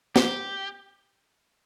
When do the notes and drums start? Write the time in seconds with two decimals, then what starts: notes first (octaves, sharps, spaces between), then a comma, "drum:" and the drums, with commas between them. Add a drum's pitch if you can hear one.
0.16 G4, drum: snare